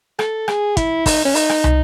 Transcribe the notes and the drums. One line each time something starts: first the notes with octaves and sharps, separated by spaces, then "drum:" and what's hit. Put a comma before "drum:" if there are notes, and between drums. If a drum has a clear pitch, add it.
A4, drum: rim click
G#4, drum: rim click
E4, drum: kick, hi-hat
D#4, drum: kick, open hi-hat
C#4
D#4, drum: open hi-hat
drum: rim click
drum: tom